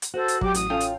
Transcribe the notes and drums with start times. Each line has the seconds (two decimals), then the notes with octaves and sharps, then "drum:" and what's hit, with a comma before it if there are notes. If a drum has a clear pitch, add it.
0.02 drum: hi-hat
0.14 F#4 A4 C5
0.28 drum: hi-hat
0.41 F#3 G4 D6, drum: kick
0.54 A1 D#6, drum: hi-hat
0.70 C#4 F4 A4 G5
0.80 drum: hi-hat